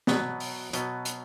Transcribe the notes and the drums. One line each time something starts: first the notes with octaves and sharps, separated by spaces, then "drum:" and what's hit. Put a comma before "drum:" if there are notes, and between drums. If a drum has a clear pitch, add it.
B2 F#3 B3, drum: snare
drum: open hi-hat
B2 F#3 B3, drum: hi-hat
drum: hi-hat